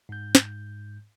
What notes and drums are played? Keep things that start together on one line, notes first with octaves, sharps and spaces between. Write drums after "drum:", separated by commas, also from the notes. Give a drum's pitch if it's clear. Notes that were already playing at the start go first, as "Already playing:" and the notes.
G#2 G6
drum: snare